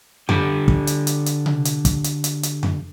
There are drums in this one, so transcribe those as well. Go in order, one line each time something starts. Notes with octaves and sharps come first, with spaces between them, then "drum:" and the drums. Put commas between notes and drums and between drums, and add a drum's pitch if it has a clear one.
D3 G4 G5, drum: tom F2
drum: kick
drum: hi-hat
drum: hi-hat
drum: hi-hat
drum: tom C3
drum: hi-hat
drum: kick, hi-hat
drum: hi-hat
drum: hi-hat
drum: hi-hat
drum: tom F2